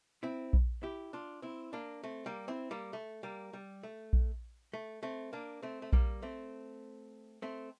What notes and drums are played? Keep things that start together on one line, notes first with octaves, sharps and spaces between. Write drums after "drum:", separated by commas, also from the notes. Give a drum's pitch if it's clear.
C4 E4
drum: kick A#1
E4 G4
D4 F4
C4 E4
A#3 D4
A3 C4
G3 A#3
C4 E4
G3 A#3
A3
G3 A#3
G3
A3
drum: kick A#1
A3
A3 C4
A#3 D4
A3 C4
A3
G3 A#3, drum: kick A#1
A3 C4
A3 C4